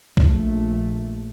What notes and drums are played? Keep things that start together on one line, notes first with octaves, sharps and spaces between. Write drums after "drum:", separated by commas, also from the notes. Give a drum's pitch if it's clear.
A#1 A3, drum: kick B1